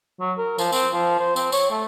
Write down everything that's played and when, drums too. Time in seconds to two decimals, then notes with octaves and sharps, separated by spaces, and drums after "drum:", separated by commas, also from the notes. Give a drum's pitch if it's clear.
0.20 F#3
0.38 A#4
0.58 F3, drum: tambourine
0.72 C4, drum: tambourine
0.93 F3
1.18 C5
1.36 C4, drum: tambourine
1.52 C#5, drum: tambourine
1.71 A3